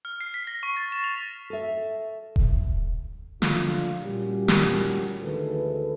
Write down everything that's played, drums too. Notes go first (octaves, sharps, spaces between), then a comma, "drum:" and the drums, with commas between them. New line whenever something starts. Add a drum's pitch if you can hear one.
F6
C7
B6
A#6
C#6
A6
E7
F7
A4 E5
drum: kick D#1
D3 F3 A3 D4 F4, drum: snare
A#2 G3 C#4 F#4 G4
drum: snare
D2 D#3 E3 G#3 A4 B4